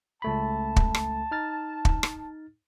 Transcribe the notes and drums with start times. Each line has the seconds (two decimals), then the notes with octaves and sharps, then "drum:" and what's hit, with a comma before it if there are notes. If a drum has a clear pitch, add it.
0.22 C#2 A3 A5 B5
0.76 drum: kick
0.95 drum: rim click
1.31 D#4 F6 A6
1.85 drum: kick
2.03 drum: rim click